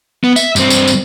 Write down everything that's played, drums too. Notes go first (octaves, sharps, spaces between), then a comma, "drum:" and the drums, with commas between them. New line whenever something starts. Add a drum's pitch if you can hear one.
B3
E5, drum: tambourine
G2 C4, drum: tambourine
drum: tambourine
drum: tambourine